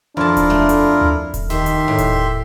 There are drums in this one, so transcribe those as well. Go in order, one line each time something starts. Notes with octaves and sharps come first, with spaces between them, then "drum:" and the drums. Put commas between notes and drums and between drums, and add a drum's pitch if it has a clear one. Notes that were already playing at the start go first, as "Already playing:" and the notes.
F2 D4 E4 F4 A#4 A5
drum: kick D#1, hi-hat
A3
drum: hi-hat
drum: tom D2
drum: kick D#1, hi-hat
D#3 G4 E5 C6, drum: snare
drum: hi-hat
A2
drum: kick D#1, hi-hat